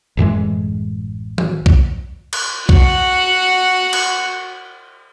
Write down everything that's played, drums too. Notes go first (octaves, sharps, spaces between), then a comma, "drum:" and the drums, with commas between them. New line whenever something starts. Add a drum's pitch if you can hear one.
A1 F#2 E3 G#3
drum: tom E3
drum: kick B1
drum: cymbal
F#4 F#5, drum: kick B1
drum: cymbal